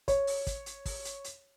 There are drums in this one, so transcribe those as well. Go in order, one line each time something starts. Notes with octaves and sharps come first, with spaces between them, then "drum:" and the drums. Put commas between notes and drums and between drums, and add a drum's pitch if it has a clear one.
C#5, drum: kick, hi-hat
drum: open hi-hat
drum: kick, hi-hat
drum: hi-hat
drum: kick, open hi-hat
drum: hi-hat
drum: hi-hat